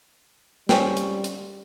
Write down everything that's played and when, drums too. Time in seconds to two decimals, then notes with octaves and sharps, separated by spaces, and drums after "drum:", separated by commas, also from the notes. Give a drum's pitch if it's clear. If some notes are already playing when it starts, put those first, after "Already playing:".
0.69 G3 C4 C#4, drum: snare
0.97 drum: hi-hat
1.24 drum: hi-hat